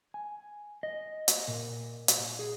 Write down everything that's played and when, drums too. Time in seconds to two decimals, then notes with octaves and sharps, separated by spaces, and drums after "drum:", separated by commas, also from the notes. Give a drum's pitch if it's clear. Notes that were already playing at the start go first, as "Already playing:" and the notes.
0.14 G#5
0.83 D#5
1.28 drum: hi-hat
1.48 A#2
2.08 drum: hi-hat
2.39 G#4